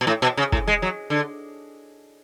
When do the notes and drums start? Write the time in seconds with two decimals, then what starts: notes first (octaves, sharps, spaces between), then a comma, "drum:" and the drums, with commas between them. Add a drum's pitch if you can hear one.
0.01 B2
0.07 A2
0.22 B2
0.37 C#3
0.52 A2, drum: kick
0.68 G#3
0.82 F#3
1.10 D3